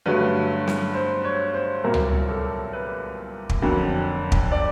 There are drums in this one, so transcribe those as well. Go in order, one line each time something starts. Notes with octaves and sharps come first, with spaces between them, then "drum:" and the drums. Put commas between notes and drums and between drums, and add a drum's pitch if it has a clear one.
G2 D3 F#3 A3 B4
drum: snare
C5
C#5
C5
C2 A#2 F#3 A#3 A#4
drum: tom C#2
A4
B4
drum: kick
F2 D3 F#3 A#3
drum: kick
D5